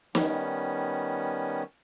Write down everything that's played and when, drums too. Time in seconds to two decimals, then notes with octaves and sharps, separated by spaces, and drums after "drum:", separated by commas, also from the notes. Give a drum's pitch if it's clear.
0.15 D#3 G3 B3 C#4, drum: snare